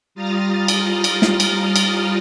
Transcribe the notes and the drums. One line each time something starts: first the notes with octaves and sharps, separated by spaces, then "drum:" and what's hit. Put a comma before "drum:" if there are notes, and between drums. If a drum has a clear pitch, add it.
G3 F4 A#5 D#6 F6 A6
drum: cymbal
drum: cymbal
drum: snare
drum: cymbal
drum: cymbal